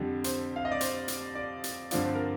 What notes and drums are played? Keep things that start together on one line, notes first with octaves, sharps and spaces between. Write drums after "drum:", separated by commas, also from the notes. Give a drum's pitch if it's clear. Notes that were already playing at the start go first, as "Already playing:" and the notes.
Already playing: F2 D3 G3
C5, drum: hi-hat
F5
D#5
D5
C5, drum: hi-hat
drum: hi-hat
D5
drum: hi-hat
G2 D3 F3 C4 F4 D5, drum: hi-hat
C5
A#4